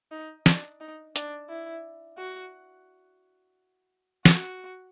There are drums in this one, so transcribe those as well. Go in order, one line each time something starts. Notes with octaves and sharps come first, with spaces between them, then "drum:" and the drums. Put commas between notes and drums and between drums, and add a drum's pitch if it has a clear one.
D#4
D4, drum: snare
D#4
D4, drum: hi-hat
E4
F#4
F#4, drum: snare